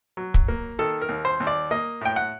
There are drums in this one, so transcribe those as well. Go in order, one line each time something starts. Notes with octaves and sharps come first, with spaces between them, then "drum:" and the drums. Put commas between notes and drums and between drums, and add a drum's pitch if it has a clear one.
F#3
drum: kick
A#3
D#3 A4
A#4
D#2
C5
D#2
D5
A#3 D#5
A2 G5
F#5